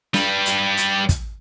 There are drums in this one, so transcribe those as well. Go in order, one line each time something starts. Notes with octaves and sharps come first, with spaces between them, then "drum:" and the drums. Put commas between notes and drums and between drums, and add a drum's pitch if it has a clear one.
G3 B4, drum: snare
drum: hi-hat
drum: hi-hat
drum: kick, hi-hat